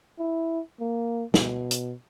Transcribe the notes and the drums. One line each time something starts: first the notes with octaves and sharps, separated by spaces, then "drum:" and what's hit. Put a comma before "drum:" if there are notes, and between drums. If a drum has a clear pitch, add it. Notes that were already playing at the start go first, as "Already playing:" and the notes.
E4
A#3
B2, drum: snare
drum: hi-hat